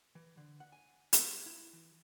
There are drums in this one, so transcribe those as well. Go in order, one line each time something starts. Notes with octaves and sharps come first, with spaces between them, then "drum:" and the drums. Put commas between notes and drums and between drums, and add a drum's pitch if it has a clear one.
E3
D3
F#5
G#5
drum: hi-hat
E4
E3